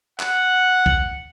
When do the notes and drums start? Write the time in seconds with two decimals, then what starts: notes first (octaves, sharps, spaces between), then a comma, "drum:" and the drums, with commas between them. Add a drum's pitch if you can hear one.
0.20 F#5, drum: clap
0.86 drum: kick A#1